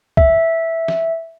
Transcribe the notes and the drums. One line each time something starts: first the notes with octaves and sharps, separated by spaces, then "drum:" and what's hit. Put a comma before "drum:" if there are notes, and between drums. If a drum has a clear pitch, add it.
E5, drum: kick
drum: snare